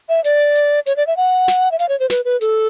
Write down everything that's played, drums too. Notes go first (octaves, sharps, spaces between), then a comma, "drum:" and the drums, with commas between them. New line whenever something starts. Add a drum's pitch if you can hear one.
E5
D5, drum: hi-hat
drum: hi-hat
C#5, drum: hi-hat
D5
E5
F#5
drum: snare
E5
F5, drum: hi-hat
C#5
C5
B4, drum: snare
B4
A4, drum: hi-hat